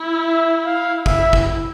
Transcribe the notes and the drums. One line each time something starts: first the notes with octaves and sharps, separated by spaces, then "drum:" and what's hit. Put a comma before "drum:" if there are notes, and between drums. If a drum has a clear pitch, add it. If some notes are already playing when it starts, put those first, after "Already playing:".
Already playing: E4
E5
F5
E4 E5, drum: kick
drum: kick